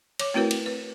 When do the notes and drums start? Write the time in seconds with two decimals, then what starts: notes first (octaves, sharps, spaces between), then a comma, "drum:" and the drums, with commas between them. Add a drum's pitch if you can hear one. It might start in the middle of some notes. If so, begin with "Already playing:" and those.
0.19 C#5 D6, drum: cymbal
0.34 A3 C4 E4 F#4 A#4 B4
0.51 drum: cymbal
0.66 B4